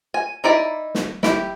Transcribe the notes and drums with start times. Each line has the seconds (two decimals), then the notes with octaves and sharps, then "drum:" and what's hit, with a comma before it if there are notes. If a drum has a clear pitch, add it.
0.14 G#5
0.44 D#4 E4 D5
0.95 drum: snare
1.23 E4 G4, drum: snare